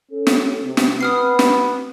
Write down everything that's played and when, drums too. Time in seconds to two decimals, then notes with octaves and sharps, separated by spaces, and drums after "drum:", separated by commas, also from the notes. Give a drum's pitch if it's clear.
0.11 C#4 A4
0.27 drum: snare
0.63 C3 C4
0.77 drum: snare
1.01 B3 C4 B4 D#6 F6 C7
1.39 drum: snare